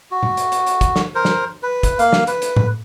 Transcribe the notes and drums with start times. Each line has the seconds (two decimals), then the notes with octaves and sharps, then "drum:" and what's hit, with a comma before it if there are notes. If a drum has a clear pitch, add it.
0.11 F#4
0.23 drum: tom A#2
0.37 drum: hi-hat
0.52 drum: hi-hat
0.66 drum: hi-hat
0.81 drum: kick G1, hi-hat
0.96 drum: snare
1.15 A#4 C5
1.25 drum: snare
1.63 B4
1.83 drum: kick G1, hi-hat
1.99 A#3 F5, drum: hi-hat
2.13 drum: snare
2.27 B4, drum: hi-hat
2.42 drum: hi-hat
2.56 drum: tom A2